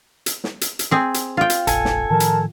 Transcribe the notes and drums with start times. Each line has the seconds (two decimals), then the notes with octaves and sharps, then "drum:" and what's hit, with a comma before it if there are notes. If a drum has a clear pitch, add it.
0.26 drum: hi-hat
0.44 drum: snare
0.61 drum: hi-hat
0.79 drum: hi-hat
0.91 C4 G#4
1.14 drum: hi-hat
1.37 F4 G5
1.50 drum: hi-hat
1.67 F1 A#1 A4 G#5, drum: hi-hat
1.85 drum: snare
2.10 A2 D#3 F3 A#4 A5
2.20 drum: hi-hat